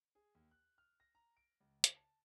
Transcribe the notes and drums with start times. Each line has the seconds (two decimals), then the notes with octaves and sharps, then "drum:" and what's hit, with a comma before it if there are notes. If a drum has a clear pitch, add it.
0.15 G#4
0.35 D#2
0.51 F#6
0.78 F6
1.00 A#6
1.15 A#5
1.37 D7
1.61 C#2
1.84 drum: hi-hat
1.96 A5